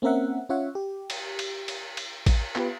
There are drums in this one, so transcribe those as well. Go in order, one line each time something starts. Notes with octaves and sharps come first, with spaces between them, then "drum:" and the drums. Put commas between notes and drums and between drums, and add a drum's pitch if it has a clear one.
A#3 C4 C#4 A#4 E5 F#5
C#4 F4 C#5 E5 F#5
G4
drum: cymbal
drum: cymbal
drum: cymbal
drum: cymbal
drum: kick A1, cymbal
B3 F4 G4 B4, drum: clap